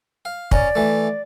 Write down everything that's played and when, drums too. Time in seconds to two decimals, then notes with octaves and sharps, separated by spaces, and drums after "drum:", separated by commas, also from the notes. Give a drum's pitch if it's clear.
0.25 F5
0.51 C#4 D5 A#5, drum: kick
0.75 E3 A3